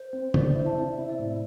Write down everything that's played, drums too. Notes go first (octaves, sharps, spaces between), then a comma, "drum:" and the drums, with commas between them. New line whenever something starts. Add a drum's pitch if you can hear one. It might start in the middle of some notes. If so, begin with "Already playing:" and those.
Already playing: C5
C4
D3 D5, drum: tom C#3
C5
E4 C5
A5
C3 D5
E5
E4 C5
D5
A2